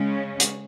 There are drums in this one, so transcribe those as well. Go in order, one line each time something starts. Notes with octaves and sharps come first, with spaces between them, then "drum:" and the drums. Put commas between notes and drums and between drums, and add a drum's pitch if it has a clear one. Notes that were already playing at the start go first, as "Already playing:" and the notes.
Already playing: C#3 G#3 C#4
drum: hi-hat